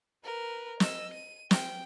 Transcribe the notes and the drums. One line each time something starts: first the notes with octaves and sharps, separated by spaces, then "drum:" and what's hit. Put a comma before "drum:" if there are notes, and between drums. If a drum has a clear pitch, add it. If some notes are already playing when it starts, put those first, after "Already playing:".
A#4 B4
D#5 E6, drum: snare
D#7
G5, drum: snare